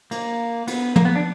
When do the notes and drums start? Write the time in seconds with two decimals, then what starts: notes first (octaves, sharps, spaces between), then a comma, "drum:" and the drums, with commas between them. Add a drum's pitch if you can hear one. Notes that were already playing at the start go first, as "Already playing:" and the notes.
0.11 A#3, drum: cymbal
0.67 B3, drum: cymbal
0.96 A#3, drum: tom
1.05 B3
1.15 D4